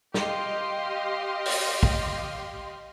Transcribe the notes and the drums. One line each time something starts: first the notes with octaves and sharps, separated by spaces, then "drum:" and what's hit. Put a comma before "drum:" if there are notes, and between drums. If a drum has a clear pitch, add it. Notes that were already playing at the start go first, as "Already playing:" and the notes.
G4 D#5 F5 C6, drum: snare
drum: open hi-hat
drum: kick